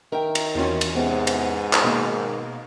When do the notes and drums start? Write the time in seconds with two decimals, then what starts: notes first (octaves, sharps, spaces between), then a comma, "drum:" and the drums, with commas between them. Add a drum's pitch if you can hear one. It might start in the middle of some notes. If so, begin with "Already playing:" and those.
0.12 D#3 A#4 E5 G5
0.35 drum: cymbal
0.55 E2 C4 C#4 F4 F#4
0.81 drum: cymbal
0.95 G#2 C3 B3
1.27 drum: cymbal
1.73 drum: clap
1.84 B2 D#3 A#3 C#4